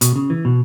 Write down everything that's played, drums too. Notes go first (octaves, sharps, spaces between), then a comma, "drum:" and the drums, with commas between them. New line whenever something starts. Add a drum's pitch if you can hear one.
B2, drum: hi-hat
C#3
E3
B2